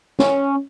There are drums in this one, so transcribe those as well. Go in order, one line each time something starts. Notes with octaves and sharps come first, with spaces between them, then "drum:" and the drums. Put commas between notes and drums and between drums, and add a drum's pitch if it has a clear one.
C#4, drum: snare